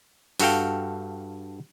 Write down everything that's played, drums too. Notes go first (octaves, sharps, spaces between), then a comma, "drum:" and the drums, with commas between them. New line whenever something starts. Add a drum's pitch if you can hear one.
G2 F#4 A4 F5 G5, drum: open hi-hat